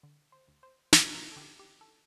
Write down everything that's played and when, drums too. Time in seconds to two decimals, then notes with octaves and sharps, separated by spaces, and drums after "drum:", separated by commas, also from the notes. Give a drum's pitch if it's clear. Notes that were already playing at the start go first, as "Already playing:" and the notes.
0.03 D3
0.32 C5
0.48 D2
0.63 C5
0.93 D3 A#4, drum: snare
1.14 A#4
1.32 A4
1.36 D3 G4
1.59 G4
1.81 A4